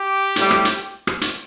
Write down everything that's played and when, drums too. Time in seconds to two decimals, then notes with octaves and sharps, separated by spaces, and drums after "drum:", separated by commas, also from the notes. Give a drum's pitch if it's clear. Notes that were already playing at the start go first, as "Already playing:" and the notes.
Already playing: G4
0.36 A2 G3, drum: hi-hat
0.51 drum: rim click
0.65 drum: hi-hat
1.07 drum: rim click
1.21 drum: hi-hat